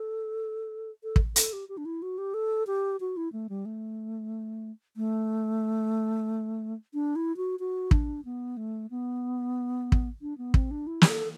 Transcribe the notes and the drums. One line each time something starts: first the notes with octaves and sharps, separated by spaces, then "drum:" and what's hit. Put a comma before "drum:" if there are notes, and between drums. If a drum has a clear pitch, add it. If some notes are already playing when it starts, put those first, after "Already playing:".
Already playing: A4
A4
drum: kick
A4, drum: hi-hat
G4
G4
D4
E4
F#4
G4
A4
G4
F#4
E4
A3
G3
A3
A3
D4
E4
F#4
F#4
D4, drum: kick
B3
A3
B3
drum: kick
D4
B3
C4, drum: kick
D4
E4
G4, drum: snare
A4